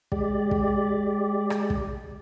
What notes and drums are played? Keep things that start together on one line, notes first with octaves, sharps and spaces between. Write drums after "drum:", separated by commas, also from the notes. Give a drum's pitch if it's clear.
G#3 G4 D5, drum: kick
drum: kick
drum: rim click
drum: kick